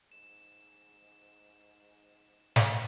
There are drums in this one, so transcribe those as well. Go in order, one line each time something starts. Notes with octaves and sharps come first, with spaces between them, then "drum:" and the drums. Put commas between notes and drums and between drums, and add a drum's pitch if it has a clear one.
G#2 E7
drum: snare